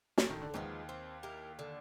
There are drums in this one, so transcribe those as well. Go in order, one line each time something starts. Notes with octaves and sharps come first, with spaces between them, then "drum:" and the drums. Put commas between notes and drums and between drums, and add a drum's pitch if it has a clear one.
A2 E3, drum: snare
D#3
D3
D#2 D#3 F3 G#3 B3
C4
E4 G4 A#4
D3